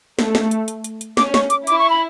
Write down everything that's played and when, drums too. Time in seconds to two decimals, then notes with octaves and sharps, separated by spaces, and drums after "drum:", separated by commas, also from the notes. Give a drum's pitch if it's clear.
0.19 A3, drum: snare
0.35 drum: snare
0.51 drum: hi-hat
0.68 drum: hi-hat
0.84 drum: hi-hat
1.01 drum: hi-hat
1.17 C#4 D6, drum: snare
1.34 C#6, drum: snare
1.50 D6, drum: hi-hat
1.67 E4 D6, drum: hi-hat
1.79 C#6
1.90 B5